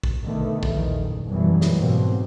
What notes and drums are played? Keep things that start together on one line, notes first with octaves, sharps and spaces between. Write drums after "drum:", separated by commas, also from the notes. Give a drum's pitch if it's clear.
drum: kick
B2 D3 D#3 A3 B3
A#1 E2 D#3, drum: kick
F#1
F#2 B2 E3 F#3 G3
drum: snare
G#2 B2 A#3 C4